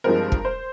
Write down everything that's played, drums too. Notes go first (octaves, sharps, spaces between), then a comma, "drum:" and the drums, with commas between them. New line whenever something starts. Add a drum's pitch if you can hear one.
G2 F3 G#3 C4 A#4
drum: kick
C5